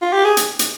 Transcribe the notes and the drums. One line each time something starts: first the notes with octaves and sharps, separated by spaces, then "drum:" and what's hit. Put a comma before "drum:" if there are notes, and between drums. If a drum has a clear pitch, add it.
F4
G4
G#4
drum: hi-hat
drum: hi-hat